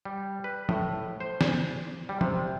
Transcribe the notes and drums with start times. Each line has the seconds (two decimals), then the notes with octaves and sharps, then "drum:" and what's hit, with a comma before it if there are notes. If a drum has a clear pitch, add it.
0.05 G3
0.44 B4
0.69 A2, drum: tom
1.20 C5
1.41 drum: snare
2.09 G3
2.21 C3, drum: tom